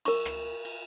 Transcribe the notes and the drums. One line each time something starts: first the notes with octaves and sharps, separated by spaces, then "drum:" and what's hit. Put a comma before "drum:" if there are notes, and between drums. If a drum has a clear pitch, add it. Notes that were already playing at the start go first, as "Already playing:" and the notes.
A#4 C#6, drum: cymbal
drum: rim click
drum: cymbal